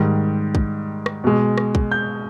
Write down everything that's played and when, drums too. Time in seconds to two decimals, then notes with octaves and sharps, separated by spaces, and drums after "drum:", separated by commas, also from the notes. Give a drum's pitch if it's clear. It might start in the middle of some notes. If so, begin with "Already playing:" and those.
Already playing: G#2 D#3 G3
0.55 drum: kick
1.06 drum: rim click
1.24 B2 G#3
1.58 drum: rim click
1.75 drum: kick
1.91 G6